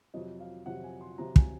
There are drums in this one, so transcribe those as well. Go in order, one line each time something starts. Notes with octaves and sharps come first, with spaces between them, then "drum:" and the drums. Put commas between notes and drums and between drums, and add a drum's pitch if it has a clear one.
F2 C3 F#3 D#5
F5
F2 C3 F#3 F#5
G#5
C6
F2 C3 F#3 A#5
G#5, drum: kick